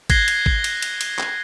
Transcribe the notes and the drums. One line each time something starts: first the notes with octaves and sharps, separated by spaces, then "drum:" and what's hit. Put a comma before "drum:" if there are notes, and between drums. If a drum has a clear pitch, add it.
F#6 G#6 A#6 C7 G7, drum: kick A1, cymbal
drum: cymbal
drum: kick A1
drum: cymbal
drum: cymbal
drum: cymbal
drum: clap